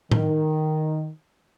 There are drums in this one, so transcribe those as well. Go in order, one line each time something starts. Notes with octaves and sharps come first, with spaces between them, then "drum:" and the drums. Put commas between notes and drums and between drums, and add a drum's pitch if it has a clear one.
D#3, drum: tom A2